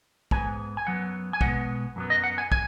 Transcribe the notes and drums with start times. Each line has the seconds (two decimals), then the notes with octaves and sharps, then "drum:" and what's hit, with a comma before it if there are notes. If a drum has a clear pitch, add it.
0.31 G#2 G#3 B3 G#5, drum: kick
0.77 G#5
0.86 F#2 F#3 B3 F#5
1.33 G#5
1.41 B2 G#3 B3 F#5, drum: kick
1.96 F#2 F#3 B3
2.10 D#5
2.24 F#5
2.38 G#5
2.52 G#5, drum: kick